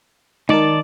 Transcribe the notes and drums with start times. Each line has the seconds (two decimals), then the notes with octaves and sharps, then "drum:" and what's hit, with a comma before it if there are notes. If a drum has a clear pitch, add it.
0.49 D#3 D#4 A#4 D5 A5, drum: tom G#3